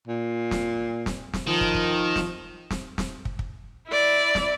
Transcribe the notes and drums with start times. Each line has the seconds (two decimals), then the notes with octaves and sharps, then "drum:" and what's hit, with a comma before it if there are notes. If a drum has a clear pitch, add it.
0.08 A#2
0.51 drum: snare
1.06 drum: snare
1.33 drum: snare
1.47 D#3 F3
1.61 drum: kick
1.75 drum: kick
2.16 drum: snare
2.71 drum: snare
2.98 drum: snare
3.25 drum: kick
3.39 drum: kick
3.88 E4 D5
4.35 drum: snare